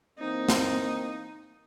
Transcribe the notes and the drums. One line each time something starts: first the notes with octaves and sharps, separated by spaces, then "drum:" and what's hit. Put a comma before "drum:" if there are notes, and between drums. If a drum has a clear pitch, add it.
E3 A#3 C4 D#4
drum: snare